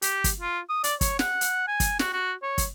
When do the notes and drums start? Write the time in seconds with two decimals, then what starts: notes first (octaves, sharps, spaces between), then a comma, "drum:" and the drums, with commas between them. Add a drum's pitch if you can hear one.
0.02 G4, drum: hi-hat
0.24 drum: kick, hi-hat
0.41 F4
0.69 D#6
0.84 D5, drum: hi-hat
1.01 C#5, drum: kick, hi-hat
1.19 F#5, drum: snare
1.41 drum: hi-hat
1.68 G#5
1.80 drum: kick, hi-hat
1.99 F#4, drum: snare
2.13 F#4
2.42 C#5
2.58 drum: kick, hi-hat